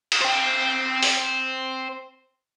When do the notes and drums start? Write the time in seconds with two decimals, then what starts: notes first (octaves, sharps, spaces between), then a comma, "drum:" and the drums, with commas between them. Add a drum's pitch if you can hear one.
0.12 drum: cymbal
0.21 C5 G5
1.03 drum: open hi-hat